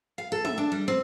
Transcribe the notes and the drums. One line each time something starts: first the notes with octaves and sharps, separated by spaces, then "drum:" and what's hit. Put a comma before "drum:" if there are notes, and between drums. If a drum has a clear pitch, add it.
F5
A4
E5, drum: tom
D4
G3
C4